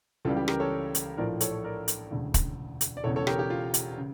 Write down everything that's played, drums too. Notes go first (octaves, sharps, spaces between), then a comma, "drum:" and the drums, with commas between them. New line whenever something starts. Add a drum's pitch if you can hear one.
C#2 C#3 E3 G3 F4 A4
G4
G4 A#4, drum: rim click
A4 C#5
drum: hi-hat
A#1 A2 F3 A3 A#4 D5
A4 C#5, drum: hi-hat
C#5
A#4 D5
drum: hi-hat
E1 D2 C#3
drum: kick, hi-hat
drum: hi-hat
D5
E1 E2 C#3 A4 C#5
A4 C#5
G4 A#4, drum: rim click
G4
F4
drum: hi-hat
C#3